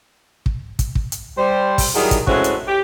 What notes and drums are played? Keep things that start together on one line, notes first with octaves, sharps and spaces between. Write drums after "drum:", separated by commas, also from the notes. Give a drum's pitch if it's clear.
drum: kick
drum: kick, hi-hat
drum: kick
drum: hi-hat
G3 C5
drum: kick, open hi-hat
D#3 F#3 G3 D#4 E4 G#4
drum: kick, hi-hat
E3 G#3 A3 C4 C#4 F#4, drum: kick
drum: hi-hat
G4